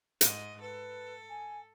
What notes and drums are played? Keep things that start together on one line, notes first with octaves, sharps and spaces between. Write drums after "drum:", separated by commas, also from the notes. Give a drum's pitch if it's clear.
G#2 D#5, drum: hi-hat
A4 B4
G#5